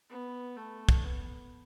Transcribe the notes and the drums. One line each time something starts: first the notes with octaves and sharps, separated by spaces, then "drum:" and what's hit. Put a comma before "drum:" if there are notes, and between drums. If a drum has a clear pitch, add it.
B3
A3
drum: kick
B3